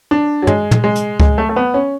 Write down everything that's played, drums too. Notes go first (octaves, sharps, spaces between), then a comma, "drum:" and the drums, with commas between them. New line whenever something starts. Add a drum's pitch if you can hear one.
D4
F#3
G#3, drum: tom
drum: tom
G#3
drum: hi-hat
G#3, drum: kick C#2
A3
A3
B3
C#4